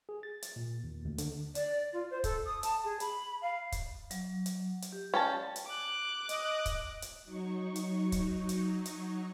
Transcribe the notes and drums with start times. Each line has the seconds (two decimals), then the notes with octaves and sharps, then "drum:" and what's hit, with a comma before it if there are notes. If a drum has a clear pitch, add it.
0.09 G#4
0.23 A6
0.42 drum: hi-hat
0.56 A#2
0.84 D#2
1.05 D2
1.18 D3, drum: hi-hat
1.55 D5, drum: hi-hat
1.93 F4
2.11 C5
2.24 A4, drum: kick, hi-hat
2.45 D#6
2.63 A5, drum: hi-hat
2.84 G#4
3.00 B5, drum: hi-hat
3.42 F5
3.72 drum: kick, hi-hat
4.11 F#3, drum: hi-hat
4.46 drum: hi-hat
4.82 drum: hi-hat
4.92 G4
5.14 C#4 D5 F5 G5 A5
5.56 drum: hi-hat
5.67 D6 F#6
6.29 D#5, drum: hi-hat
6.66 drum: kick, hi-hat
7.02 drum: hi-hat
7.25 F#3 D#4 C#6
7.76 drum: hi-hat
8.12 drum: kick, hi-hat
8.49 drum: hi-hat
8.85 drum: hi-hat